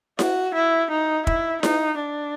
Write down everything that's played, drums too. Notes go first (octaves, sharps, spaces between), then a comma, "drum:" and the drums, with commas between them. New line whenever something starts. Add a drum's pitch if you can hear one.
F#4, drum: snare E4
E4
D#4
E4, drum: kick
D#4, drum: snare E4
D4